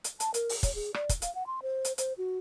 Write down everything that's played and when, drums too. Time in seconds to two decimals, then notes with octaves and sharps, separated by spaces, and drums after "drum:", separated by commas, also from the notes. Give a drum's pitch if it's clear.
0.04 drum: hi-hat
0.20 A5, drum: hi-hat
0.34 A#4, drum: hi-hat
0.49 drum: open hi-hat
0.63 C#5, drum: kick, hi-hat
0.75 G#4
0.94 D5, drum: rim click
1.09 drum: kick, hi-hat
1.22 F5, drum: hi-hat
1.35 F#5
1.47 C6
1.62 C5
1.85 drum: hi-hat
1.98 C5, drum: hi-hat
2.18 F#4